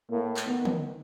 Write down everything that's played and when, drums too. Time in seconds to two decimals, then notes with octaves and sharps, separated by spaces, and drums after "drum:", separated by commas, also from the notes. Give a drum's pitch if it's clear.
0.11 A2 A#3
0.37 drum: clap
0.46 D#3 B3
0.65 drum: tom D3